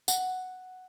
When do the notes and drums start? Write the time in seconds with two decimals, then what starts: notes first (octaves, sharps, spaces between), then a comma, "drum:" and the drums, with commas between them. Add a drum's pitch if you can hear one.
0.08 F#5, drum: tambourine